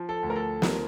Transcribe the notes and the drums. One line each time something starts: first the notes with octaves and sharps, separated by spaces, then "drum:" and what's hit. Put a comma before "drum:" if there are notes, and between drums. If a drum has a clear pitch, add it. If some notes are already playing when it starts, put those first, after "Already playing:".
Already playing: F3
A4
D2
A#4
A4
F3 A#4, drum: snare